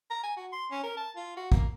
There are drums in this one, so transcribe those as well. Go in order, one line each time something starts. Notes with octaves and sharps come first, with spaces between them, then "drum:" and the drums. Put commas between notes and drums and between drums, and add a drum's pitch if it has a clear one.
A#5
G#5
F#4
C6
C#4
A#4
A5
F4
F#4
A#3, drum: kick A1